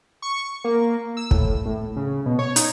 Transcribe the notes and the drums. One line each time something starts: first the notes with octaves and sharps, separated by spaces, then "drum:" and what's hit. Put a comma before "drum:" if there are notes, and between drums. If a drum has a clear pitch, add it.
C#6
A#3
E6
A2, drum: kick
A2
C#3
B2
C#5
D#4, drum: hi-hat